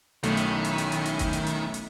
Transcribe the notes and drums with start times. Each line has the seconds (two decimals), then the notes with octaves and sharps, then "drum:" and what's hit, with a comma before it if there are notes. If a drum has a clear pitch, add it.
0.23 B1 D#3 A3 C#4 E4, drum: hi-hat
0.37 drum: hi-hat
0.64 drum: hi-hat
0.78 drum: hi-hat
0.92 drum: hi-hat
1.05 drum: hi-hat
1.19 drum: kick F#1, hi-hat
1.33 drum: hi-hat
1.47 drum: hi-hat
1.74 drum: hi-hat